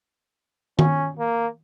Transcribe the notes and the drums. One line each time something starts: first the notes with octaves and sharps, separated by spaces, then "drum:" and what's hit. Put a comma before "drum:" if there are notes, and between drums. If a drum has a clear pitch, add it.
C#4, drum: tom D#3
A#3